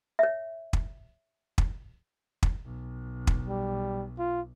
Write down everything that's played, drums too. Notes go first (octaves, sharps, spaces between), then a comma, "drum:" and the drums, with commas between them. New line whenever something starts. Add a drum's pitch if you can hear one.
C#5 E5
drum: kick
drum: kick
drum: kick
B1
drum: kick
G3
F4